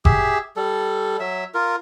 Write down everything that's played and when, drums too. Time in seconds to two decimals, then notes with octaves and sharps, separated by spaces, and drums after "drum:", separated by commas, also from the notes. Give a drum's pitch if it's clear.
0.05 G4 G#4 E5, drum: kick F#1
0.56 G3 A4
1.20 F#3 E5
1.54 F4 A#4